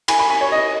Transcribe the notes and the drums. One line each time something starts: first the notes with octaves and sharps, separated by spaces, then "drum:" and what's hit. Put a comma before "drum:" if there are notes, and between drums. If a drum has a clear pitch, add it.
G#5 B5, drum: cymbal
G#5 B5
G#5 B5
C#5
D#5